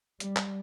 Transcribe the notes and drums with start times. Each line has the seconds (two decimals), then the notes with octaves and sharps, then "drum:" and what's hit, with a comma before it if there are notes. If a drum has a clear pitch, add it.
0.20 G3, drum: hi-hat
0.36 drum: clap